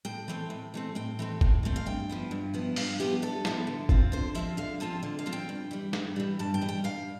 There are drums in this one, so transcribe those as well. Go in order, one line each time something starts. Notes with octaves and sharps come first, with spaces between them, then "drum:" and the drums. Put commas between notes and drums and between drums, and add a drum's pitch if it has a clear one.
A2 G5
E3 A3 C4
A2
E3 A3 C4
A2 G5
E3 A3 C4
A2, drum: kick G1
E3 A3 C4
F5
G2 G5
F3 B3 E4
G2
F3 B3 E4
G2 F5, drum: open hi-hat
F3 B3 E4 G4
G2 A4
F3 B3 E4, drum: snare
D3
F3 C4 F4, drum: kick G1
D3 C5
F3 C4 F4 E5
D3 F5
F3 C4 F4 A5
D3
F5
F3 C4 F4
G5
G2
E3 G3
G2, drum: snare
E3 G3
G2 A5
G5
E3 G3
G5
G2 F5